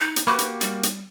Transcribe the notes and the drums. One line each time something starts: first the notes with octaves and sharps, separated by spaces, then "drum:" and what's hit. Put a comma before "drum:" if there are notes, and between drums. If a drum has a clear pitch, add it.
D#4
drum: hi-hat
A#3 F#4 G4 B4 B5 C#6 D6
drum: hi-hat
G3, drum: hi-hat
drum: hi-hat